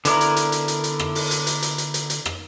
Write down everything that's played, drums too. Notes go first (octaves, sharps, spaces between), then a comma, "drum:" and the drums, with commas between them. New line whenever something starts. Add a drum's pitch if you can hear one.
D3 B3 D4 E4 A#4, drum: hi-hat
drum: hi-hat
drum: hi-hat
drum: hi-hat
drum: hi-hat
drum: hi-hat
drum: rim click
drum: open hi-hat
drum: hi-hat
drum: hi-hat
drum: hi-hat
drum: hi-hat
drum: hi-hat
drum: hi-hat
drum: rim click